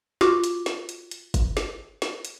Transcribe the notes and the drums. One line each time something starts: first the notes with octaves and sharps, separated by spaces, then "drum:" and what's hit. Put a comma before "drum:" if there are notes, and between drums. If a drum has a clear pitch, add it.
F4 F#4 D6, drum: snare
drum: hi-hat
drum: snare
drum: hi-hat
drum: hi-hat
drum: kick, hi-hat
drum: snare
drum: snare
drum: hi-hat